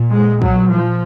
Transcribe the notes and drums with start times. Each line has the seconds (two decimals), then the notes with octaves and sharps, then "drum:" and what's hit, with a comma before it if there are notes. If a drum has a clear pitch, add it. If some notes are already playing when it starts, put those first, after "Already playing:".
Already playing: A#2
0.11 G#3
0.42 F#3, drum: kick
0.73 F3